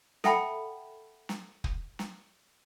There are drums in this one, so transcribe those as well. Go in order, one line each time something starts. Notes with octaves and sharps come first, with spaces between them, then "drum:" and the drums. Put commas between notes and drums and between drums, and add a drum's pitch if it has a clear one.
A4 E5 F#5 G5 A5 B5, drum: snare
drum: snare
drum: kick
drum: snare